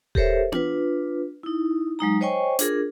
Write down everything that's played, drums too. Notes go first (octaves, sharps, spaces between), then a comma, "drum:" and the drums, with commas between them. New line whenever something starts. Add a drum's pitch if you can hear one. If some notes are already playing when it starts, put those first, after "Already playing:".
G4 A4 A#4 C5 C#5 E5, drum: kick D#1
D4 F4 B4, drum: tom B3
D#4 E4
F#3 G#3 D#4 A#5
C5 C#5 D#5 G5 G#5 C#6
D4 F4 G#4 A#4, drum: hi-hat